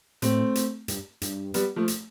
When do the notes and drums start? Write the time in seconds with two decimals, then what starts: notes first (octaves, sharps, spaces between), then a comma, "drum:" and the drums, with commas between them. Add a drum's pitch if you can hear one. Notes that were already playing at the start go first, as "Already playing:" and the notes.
0.22 A2 A3 C4, drum: hi-hat
0.55 drum: hi-hat
0.88 G2, drum: hi-hat
1.22 G2, drum: hi-hat
1.54 G3 B3, drum: hi-hat
1.76 F3 A3
1.88 drum: hi-hat